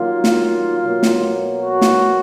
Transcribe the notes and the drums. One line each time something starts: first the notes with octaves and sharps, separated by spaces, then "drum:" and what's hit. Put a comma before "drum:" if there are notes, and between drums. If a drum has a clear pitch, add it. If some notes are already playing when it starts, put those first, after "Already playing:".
Already playing: D#3 F#3 A#3 F4
drum: snare
B2 F#3 A#3
drum: snare
F#4
drum: snare